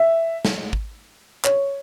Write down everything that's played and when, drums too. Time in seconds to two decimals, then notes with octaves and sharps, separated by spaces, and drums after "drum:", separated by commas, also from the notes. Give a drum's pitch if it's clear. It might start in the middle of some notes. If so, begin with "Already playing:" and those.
Already playing: E5
0.45 drum: snare
0.73 drum: kick
1.44 C#5, drum: clap